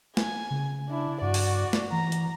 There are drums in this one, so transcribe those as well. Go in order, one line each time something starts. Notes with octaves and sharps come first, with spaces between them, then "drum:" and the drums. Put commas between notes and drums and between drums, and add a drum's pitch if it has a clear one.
G#5, drum: snare
C#3
D4 E4
G2 F#4 D5
drum: open hi-hat
drum: snare
E3 A#5
drum: hi-hat